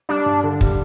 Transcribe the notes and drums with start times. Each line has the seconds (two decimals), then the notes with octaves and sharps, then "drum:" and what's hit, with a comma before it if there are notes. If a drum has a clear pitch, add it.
0.09 G3 D4
0.26 G2
0.43 D3
0.61 G3, drum: kick